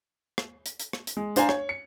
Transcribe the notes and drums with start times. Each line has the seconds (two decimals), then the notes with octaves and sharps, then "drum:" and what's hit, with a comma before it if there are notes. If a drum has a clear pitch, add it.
0.38 drum: rim click
0.66 drum: hi-hat
0.80 drum: hi-hat
0.93 drum: rim click
1.07 drum: hi-hat
1.17 G#3
1.36 D4 C5 F5 G#5 A#5, drum: hi-hat
1.49 C#5, drum: rim click
1.69 C#7